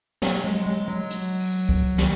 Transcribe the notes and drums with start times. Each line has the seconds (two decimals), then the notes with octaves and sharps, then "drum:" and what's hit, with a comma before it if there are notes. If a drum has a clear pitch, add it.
0.22 F#3, drum: snare
0.44 G#3
0.66 G#3
0.88 F#3
1.10 drum: hi-hat
1.40 drum: open hi-hat
1.69 drum: kick C#2
1.98 D#3, drum: snare